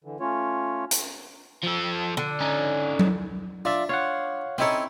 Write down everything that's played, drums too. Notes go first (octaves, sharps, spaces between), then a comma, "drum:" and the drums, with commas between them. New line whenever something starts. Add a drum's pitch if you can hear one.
D3 E3
A3 C#4 F4 C#5
drum: hi-hat
F3 A4
D3
C#4 D#4
drum: tom F#3
D4 F4 D5 E5
F4 C#5 F5 F#5
C4 C#4 D#4 E4 A4 C#5